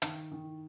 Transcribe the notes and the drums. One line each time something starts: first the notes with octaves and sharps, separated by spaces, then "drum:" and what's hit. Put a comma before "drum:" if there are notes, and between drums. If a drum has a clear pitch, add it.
D#3, drum: hi-hat
D#3